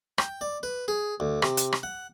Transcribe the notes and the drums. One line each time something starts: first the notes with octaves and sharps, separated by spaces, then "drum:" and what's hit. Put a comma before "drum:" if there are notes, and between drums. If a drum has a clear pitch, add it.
G5, drum: rim click
D5
B4
G#4
D2
C3, drum: rim click
drum: hi-hat
drum: rim click
F#5